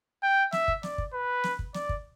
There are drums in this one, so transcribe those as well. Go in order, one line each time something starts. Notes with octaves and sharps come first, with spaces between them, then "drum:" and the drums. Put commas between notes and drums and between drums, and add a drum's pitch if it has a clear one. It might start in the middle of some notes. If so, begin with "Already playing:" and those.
G5
E5, drum: snare
drum: kick
D5, drum: snare
drum: kick
B4
drum: snare
drum: kick
D5, drum: snare
drum: kick